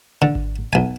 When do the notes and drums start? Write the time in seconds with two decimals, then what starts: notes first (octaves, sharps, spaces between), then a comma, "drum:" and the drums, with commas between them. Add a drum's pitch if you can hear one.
0.22 D3
0.35 drum: kick G#1
0.73 B1 G#5